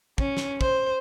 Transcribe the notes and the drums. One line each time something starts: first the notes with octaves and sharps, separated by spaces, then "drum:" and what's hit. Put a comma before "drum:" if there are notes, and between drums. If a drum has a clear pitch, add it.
C#4, drum: kick
drum: snare
C5, drum: kick